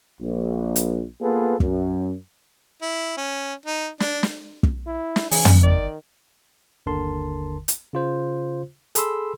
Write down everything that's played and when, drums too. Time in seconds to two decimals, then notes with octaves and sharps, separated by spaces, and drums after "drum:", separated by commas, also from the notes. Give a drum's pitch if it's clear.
0.20 A#1
0.76 drum: hi-hat
1.21 A#3 B3 F4 G#4 A4 B4
1.60 F#2, drum: kick
2.82 E4
3.17 C#4
3.66 D#4
4.00 D4, drum: snare
4.23 drum: snare
4.63 drum: kick
4.87 E4
5.16 drum: snare
5.31 C#3 E3 G#4, drum: open hi-hat
5.45 drum: tom
5.63 G1 D#3 D5
6.86 G1 D#2 D3 A#4 A5 C6
7.68 drum: hi-hat
7.93 C#3 F4 C5
8.95 G#4 A4 B5 C6 E6, drum: hi-hat